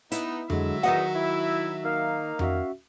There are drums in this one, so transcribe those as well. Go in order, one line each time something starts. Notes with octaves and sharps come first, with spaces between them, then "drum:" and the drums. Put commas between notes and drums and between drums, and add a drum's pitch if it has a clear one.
B3 D#4 E4, drum: hi-hat
D3 F#3 G#3 E5, drum: tom F2
E2 D#3 D#4 F#4 D#5 F#5
E4
A#3 D#4 F5
C#4 F#4 E5, drum: tom F2